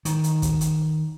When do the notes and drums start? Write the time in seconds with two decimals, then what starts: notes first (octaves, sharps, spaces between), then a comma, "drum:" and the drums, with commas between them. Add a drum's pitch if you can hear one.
0.05 D#3, drum: hi-hat
0.24 drum: hi-hat
0.42 drum: kick, hi-hat
0.61 drum: hi-hat